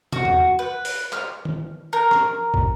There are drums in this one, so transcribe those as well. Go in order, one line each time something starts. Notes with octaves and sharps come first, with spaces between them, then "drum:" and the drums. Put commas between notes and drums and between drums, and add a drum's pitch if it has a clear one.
F#4, drum: tom
drum: tom E2
B4
drum: open hi-hat
F6, drum: clap
drum: tom D#3
A#4
drum: rim click
drum: kick